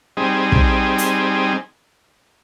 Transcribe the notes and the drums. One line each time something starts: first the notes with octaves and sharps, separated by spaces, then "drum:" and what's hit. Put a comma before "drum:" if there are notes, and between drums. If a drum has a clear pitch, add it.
G3 C4 D#4 G#4
drum: kick
drum: hi-hat